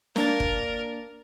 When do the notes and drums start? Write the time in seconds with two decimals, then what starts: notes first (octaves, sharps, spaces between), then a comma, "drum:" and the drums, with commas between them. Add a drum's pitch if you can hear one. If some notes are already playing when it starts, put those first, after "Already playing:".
0.16 A#3 D4 A#4 A6, drum: snare
0.40 drum: kick